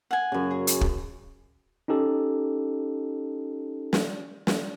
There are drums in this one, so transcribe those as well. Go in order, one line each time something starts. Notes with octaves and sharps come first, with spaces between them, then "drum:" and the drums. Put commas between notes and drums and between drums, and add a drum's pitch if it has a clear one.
F#5 G#5
F#2 C#3
G#4
drum: hi-hat
drum: kick
C#4 D#4 G4 A4
drum: snare
drum: snare